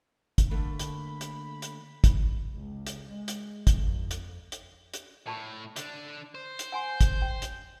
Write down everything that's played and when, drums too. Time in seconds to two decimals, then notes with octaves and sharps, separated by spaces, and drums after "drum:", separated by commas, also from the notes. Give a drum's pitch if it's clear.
0.38 drum: kick, hi-hat
0.51 D3 A3 A#3 B5
0.79 drum: hi-hat
1.21 drum: hi-hat
1.62 drum: hi-hat
2.04 drum: kick, hi-hat
2.53 C#2
2.87 drum: hi-hat
3.10 G#3
3.28 drum: hi-hat
3.67 F2, drum: kick, hi-hat
4.11 drum: hi-hat
4.52 drum: hi-hat
4.94 drum: hi-hat
5.27 A2 D5 A5 C#6
5.76 D3 D4, drum: hi-hat
6.35 C5 G6
6.59 drum: hi-hat
6.72 F#5 G#5 C6
7.01 drum: kick, hi-hat
7.22 G5
7.42 drum: hi-hat